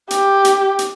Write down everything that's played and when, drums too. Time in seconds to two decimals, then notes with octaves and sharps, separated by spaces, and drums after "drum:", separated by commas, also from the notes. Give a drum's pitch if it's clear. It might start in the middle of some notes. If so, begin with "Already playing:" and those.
0.11 G4, drum: hi-hat
0.45 drum: hi-hat
0.79 drum: hi-hat